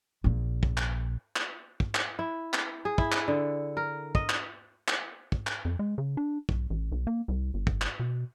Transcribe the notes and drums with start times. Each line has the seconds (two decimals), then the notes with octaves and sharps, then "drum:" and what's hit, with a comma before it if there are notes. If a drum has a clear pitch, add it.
0.24 A#1 A#2
0.63 drum: kick
0.77 drum: clap
1.36 drum: clap
1.80 drum: kick
1.95 drum: clap
2.19 E4
2.53 drum: clap
2.85 G#4
2.98 E4, drum: kick
3.12 drum: clap
3.28 D3
3.77 A#4
4.15 D#5, drum: kick
4.29 drum: clap
4.88 drum: clap
5.32 drum: kick
5.47 drum: clap
5.65 F2
5.79 G#3
5.98 C#3
6.17 D4
6.49 B1, drum: kick
6.70 A1
6.92 B1
7.07 A#3
7.28 C2
7.54 G1
7.67 drum: kick
7.81 drum: clap
8.00 B2